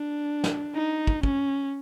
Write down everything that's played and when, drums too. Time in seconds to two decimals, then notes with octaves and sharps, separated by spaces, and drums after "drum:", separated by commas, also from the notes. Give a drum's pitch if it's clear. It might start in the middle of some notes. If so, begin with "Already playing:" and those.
Already playing: D4
0.44 drum: snare
0.75 D#4
1.07 drum: kick
1.23 C#4, drum: kick